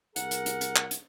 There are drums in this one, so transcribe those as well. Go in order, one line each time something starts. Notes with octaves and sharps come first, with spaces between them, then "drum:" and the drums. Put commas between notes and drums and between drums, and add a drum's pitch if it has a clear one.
C2 G#4 A#4 F#5, drum: hi-hat
drum: hi-hat
drum: hi-hat
drum: hi-hat
drum: clap
drum: hi-hat